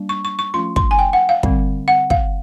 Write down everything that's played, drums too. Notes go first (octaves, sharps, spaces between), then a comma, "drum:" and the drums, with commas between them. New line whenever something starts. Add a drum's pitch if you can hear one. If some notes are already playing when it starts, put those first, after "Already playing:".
Already playing: G3 A#3 D4
C#6
C#6
C#6
F3 A3 C#4 F4 C6
C6, drum: kick
G#5
G5
F#5
F5
D3 G3 C4, drum: kick
F#5
F5, drum: kick